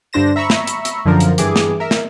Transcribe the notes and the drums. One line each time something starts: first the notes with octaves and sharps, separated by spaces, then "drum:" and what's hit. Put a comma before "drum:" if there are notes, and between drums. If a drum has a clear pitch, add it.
G2 D3 D4 C5 A#6 E7
E5 A#5 B5 C#6 E6
drum: snare
drum: hi-hat
drum: hi-hat
F#2 D3 F3 A#4
drum: hi-hat
G2 E3 G#4 D6, drum: hi-hat
drum: snare
A#4 E5
drum: snare